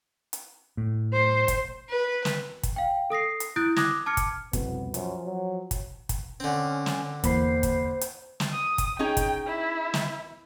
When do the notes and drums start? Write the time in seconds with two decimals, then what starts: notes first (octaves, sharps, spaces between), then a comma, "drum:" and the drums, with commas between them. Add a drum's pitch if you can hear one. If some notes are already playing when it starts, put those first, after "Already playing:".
0.33 drum: hi-hat
0.77 A2
1.13 C5
1.48 drum: kick, hi-hat
1.90 B4
2.25 drum: snare
2.63 drum: kick, hi-hat
2.76 F5 G5
3.10 A4 D#6 A#6 C7
3.40 drum: hi-hat
3.56 E4 D#6 F#6 G6 A6 D7
3.76 D6 D#6 F#6 G#6 A#6, drum: snare
4.06 A5 D6 F6 G#6 C#7
4.17 drum: kick, hi-hat
4.53 C2 F2 B2 B3, drum: kick, hi-hat
4.94 F#2 F3, drum: hi-hat
5.26 F#3
5.71 drum: kick, hi-hat
6.09 drum: kick, hi-hat
6.40 D3 C4 C#4
6.86 drum: snare
7.24 E2 A#3 C5 B5 C7, drum: kick, hi-hat
7.63 drum: kick, hi-hat
8.01 drum: hi-hat
8.40 drum: snare
8.52 D#6
8.78 drum: kick, hi-hat
8.99 C#4 D#4 G#4 G5
9.17 drum: kick, hi-hat
9.47 E4
9.94 drum: snare